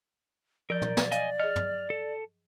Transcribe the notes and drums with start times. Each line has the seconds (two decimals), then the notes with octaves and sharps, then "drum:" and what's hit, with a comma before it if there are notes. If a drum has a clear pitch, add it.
0.70 F3 A#4 D5 G6
0.82 drum: tom
0.97 drum: snare
1.12 D#5 F5 G#5, drum: hi-hat
1.40 G#4 D#5 F6
1.56 drum: tom
1.90 A4